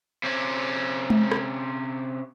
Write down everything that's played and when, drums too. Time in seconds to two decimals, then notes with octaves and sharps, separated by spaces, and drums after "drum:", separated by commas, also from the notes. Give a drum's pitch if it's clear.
0.24 C3 C#4
1.10 drum: tom G#3
1.32 drum: rim click